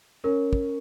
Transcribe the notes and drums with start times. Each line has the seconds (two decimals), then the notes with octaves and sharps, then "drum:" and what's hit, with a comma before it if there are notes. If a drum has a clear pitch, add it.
0.24 C#4 A#4
0.53 drum: kick